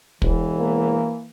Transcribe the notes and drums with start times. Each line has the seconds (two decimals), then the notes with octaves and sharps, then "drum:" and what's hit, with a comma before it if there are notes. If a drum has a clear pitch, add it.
0.22 E1 E3, drum: kick
0.59 A#3